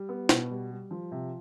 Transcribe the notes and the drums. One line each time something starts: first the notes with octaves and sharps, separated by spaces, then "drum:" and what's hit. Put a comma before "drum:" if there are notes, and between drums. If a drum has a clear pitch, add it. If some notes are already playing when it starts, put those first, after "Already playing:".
Already playing: G3
B3
B2, drum: snare E4
G3
G3
F3
C3